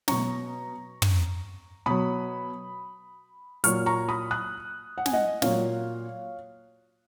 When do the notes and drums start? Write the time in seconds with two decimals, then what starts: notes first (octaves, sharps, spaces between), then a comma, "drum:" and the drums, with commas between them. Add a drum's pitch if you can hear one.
0.08 B2 F#3 A#5 C#6, drum: snare
1.02 drum: tom
1.86 B2 F#3 B5 D#6
3.64 A#2 F#3 C#6 F6, drum: hi-hat
3.86 A#5 C#6
4.09 B5 D#6
4.31 D#6 F#6
4.98 F#5
5.06 G#5, drum: snare
5.13 D#5 F#5
5.42 A#2 F#3 C#5 F5, drum: snare